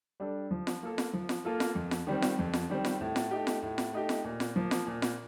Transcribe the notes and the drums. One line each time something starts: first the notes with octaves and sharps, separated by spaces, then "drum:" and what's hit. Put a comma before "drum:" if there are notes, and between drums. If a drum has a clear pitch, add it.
G3 D4 A4
F3
drum: snare F4
A#3 F4 A4
drum: snare F4
F3
drum: snare F4
A#3 F4 A4
drum: snare F4
F2
drum: snare F4
D#3 G3 C4
drum: snare F4
F2
drum: snare F4
D#3 G3 C4
drum: snare F4
A2
drum: snare F4
A3 D#4 G4
drum: snare F4
A2
drum: snare F4
A3 D#4 G4
drum: snare F4
A#2
drum: snare F4
F3 A#3
drum: snare F4
A#2
drum: snare F4